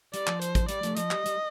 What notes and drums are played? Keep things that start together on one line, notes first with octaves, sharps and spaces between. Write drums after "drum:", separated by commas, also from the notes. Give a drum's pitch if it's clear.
G3 D5, drum: hi-hat
F3, drum: clap
C5, drum: hi-hat
drum: kick, hi-hat
G3 D5, drum: hi-hat
F3 A3, drum: hi-hat
F3 D#5, drum: hi-hat
G3, drum: clap
G3, drum: hi-hat